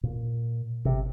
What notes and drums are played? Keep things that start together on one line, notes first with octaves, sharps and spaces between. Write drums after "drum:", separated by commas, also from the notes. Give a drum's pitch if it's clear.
A#2
C3, drum: kick G1